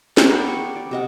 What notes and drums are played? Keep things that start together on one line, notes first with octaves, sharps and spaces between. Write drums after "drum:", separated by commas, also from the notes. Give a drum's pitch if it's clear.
B3 G4 A#4 F#5, drum: snare
C#6
D5
C3 D#5 F#5